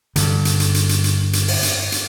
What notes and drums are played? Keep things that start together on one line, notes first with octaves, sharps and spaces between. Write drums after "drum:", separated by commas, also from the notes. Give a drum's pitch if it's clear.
G2 D3, drum: hi-hat
drum: hi-hat
drum: hi-hat
drum: hi-hat
drum: hi-hat
drum: hi-hat
drum: hi-hat
drum: open hi-hat
drum: hi-hat
drum: hi-hat